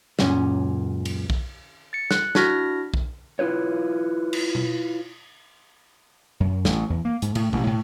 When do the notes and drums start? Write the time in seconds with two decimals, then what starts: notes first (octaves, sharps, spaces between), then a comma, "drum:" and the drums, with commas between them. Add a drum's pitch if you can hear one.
0.19 C#2 F#2 A#2 C#4, drum: snare
1.05 drum: cymbal
1.30 drum: kick
1.93 A6 C#7
2.11 F#6, drum: snare
2.35 D4 E4 F#4 F6 A#6, drum: snare
2.94 drum: kick
3.39 E4 F4 B4 C#5
4.33 drum: cymbal
4.55 drum: tom B2
6.40 F#2
6.65 A1, drum: snare
6.90 E2
7.05 A#3
7.22 G#2, drum: hi-hat
7.35 A2, drum: cymbal
7.53 A1, drum: tom B2
7.67 A2